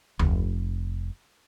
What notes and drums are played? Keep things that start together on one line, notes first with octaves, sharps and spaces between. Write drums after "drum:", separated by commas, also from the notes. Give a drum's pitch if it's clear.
F1, drum: tom D2